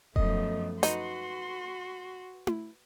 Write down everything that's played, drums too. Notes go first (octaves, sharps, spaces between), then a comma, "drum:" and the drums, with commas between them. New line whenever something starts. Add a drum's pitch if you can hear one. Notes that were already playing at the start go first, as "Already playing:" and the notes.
F#2 F3 A3 B3 D#5, drum: kick E1
D#4 F#4 B4 C6, drum: hi-hat
drum: tom E4